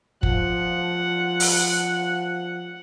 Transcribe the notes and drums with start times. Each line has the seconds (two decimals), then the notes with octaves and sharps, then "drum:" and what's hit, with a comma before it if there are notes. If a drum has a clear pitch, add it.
0.23 F3 F#5, drum: kick
1.40 drum: open hi-hat